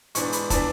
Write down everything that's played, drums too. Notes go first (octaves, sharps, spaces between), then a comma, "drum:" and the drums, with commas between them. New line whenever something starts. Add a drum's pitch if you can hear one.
G#2 E3 B3 D4 C#6, drum: hi-hat
B5, drum: hi-hat
E3 B3 D4 A5, drum: kick, hi-hat